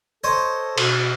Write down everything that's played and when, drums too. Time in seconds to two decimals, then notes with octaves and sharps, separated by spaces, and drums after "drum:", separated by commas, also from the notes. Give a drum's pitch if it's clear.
0.24 A4 C5 C#5 D#5
0.78 B2, drum: cymbal